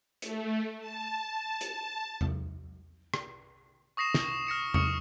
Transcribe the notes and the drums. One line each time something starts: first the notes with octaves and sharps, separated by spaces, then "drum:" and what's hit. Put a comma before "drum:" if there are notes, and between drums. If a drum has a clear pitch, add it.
A3, drum: hi-hat
A5
drum: hi-hat
drum: tom E2
drum: rim click
C#6 D#6 A#6 C7 E7
drum: snare
F6 A#6 C#7 E7
C#6 D#6 C#7, drum: tom E2